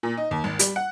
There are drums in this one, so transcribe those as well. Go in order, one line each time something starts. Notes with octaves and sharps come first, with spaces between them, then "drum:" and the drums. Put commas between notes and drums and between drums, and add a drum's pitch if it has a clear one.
A#2
D#4
D#2
G#1
G3, drum: hi-hat
F#5